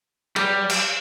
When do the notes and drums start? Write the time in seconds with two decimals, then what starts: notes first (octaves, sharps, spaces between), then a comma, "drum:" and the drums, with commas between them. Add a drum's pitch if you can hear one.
0.36 G3, drum: cymbal
0.70 drum: cymbal